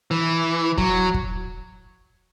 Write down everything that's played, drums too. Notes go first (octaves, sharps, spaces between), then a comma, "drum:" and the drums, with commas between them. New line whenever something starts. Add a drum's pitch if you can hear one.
E3
F#3, drum: kick
drum: kick